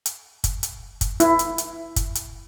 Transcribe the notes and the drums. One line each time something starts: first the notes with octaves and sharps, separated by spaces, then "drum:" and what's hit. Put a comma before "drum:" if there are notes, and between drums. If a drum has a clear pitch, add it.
drum: hi-hat
drum: kick, hi-hat
drum: hi-hat
drum: kick, hi-hat
E4, drum: hi-hat
drum: hi-hat
drum: hi-hat
drum: kick, hi-hat
drum: hi-hat